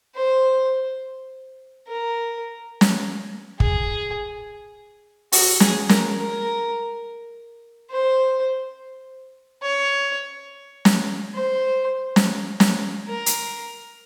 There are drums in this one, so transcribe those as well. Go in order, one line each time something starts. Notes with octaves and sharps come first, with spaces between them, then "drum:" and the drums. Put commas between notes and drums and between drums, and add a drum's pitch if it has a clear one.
C5
A#4
drum: snare
G#4, drum: kick
F#4, drum: open hi-hat
G#4, drum: snare
A#4, drum: snare
A#4
C5
C#5
drum: snare
C5
drum: snare
drum: snare
A#4
drum: hi-hat